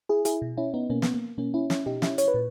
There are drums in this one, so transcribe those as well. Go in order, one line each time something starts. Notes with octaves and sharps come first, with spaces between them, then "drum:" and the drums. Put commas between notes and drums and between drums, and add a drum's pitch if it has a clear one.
E4 G#4
E4 G#4, drum: hi-hat
B2
C#4 E4
B3 D#4
B2 A#3 C#4
B3, drum: snare
A#3
B2 A#3 C#4
C#4 E4
C#4 E4, drum: snare
B2 D#4 G4
C#4 E4, drum: snare
C#5, drum: hi-hat
B4
A#2